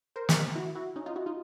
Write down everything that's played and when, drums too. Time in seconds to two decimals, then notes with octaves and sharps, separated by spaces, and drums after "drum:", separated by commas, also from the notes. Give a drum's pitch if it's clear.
0.16 A#4 C5
0.29 drum: snare
0.56 E4 F#4
0.75 E4 F#4
0.96 C#4 D#4
1.06 D#4 F4
1.16 E4 F#4
1.26 D#4 F4